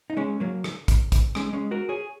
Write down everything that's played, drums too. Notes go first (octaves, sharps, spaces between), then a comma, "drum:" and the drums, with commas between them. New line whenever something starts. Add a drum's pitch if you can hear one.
D#4
G#3 C#4
F#3 A#3
drum: rim click
drum: kick, hi-hat
drum: kick, hi-hat
G#3 C#4, drum: rim click
G#3 C#4
F#4 A#4
G#4 C#5